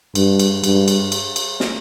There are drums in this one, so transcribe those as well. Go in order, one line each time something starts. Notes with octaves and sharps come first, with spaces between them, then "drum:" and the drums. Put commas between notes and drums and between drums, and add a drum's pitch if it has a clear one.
G2, drum: cymbal
drum: cymbal
G2, drum: cymbal
drum: cymbal
drum: cymbal
drum: cymbal
drum: snare